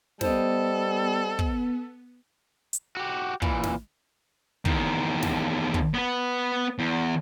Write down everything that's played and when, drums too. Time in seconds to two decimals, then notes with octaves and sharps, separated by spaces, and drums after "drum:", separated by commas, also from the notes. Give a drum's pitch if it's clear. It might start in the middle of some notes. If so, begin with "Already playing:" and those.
0.21 G3 B3 A4 C5 D#5, drum: snare
1.39 drum: kick
2.73 drum: hi-hat
2.97 F#4 G4
3.42 A#2 E3, drum: kick
3.64 drum: snare
4.65 E2 D#3, drum: kick
5.23 drum: snare
5.74 drum: kick
5.94 B3 B4
6.79 E2